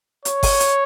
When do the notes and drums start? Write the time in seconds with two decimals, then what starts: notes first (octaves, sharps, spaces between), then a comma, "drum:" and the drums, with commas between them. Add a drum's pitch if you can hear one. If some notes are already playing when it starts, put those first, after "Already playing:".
0.25 C#5, drum: hi-hat
0.43 drum: kick G1, open hi-hat
0.60 drum: hi-hat